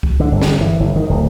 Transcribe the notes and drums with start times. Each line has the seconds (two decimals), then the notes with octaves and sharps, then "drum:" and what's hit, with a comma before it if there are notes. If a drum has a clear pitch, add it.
0.03 drum: kick C2
0.20 D3
0.32 G1
0.41 drum: snare
0.61 E3
0.80 G1
0.96 D#3
1.10 D1